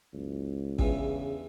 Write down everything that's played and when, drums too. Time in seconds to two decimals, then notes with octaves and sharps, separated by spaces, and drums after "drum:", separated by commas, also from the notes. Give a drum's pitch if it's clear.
0.14 F#1 C#2
0.79 E2 G2 C#3 E3, drum: kick